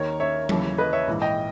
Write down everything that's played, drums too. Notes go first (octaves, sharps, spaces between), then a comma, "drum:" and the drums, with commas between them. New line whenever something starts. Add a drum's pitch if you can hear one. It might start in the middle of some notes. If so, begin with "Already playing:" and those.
Already playing: D#2 D#3 A#4 C#5
C#5 E5
D#2 C#3 E3, drum: tom F#3
B4 D#5
C#5 E5
A#1 G#2 E3
D#5 G5